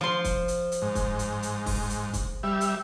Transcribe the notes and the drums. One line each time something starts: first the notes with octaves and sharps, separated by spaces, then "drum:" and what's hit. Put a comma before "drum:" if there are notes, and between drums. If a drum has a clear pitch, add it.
F3 C6
drum: kick, hi-hat
drum: hi-hat
drum: hi-hat
G#2
drum: kick, hi-hat
drum: hi-hat
drum: hi-hat
drum: kick, open hi-hat
drum: hi-hat
drum: kick, hi-hat
G3 E5
drum: hi-hat